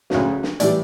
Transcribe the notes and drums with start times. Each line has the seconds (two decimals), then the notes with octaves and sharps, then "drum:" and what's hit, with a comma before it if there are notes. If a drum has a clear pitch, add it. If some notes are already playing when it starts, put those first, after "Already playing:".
0.10 D2 C#3 F#3, drum: snare
0.43 drum: snare
0.60 A2 E3 G3 D5, drum: hi-hat